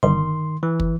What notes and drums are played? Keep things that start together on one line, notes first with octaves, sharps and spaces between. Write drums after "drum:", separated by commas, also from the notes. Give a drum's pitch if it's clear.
G1 D#3 C6
E3
drum: kick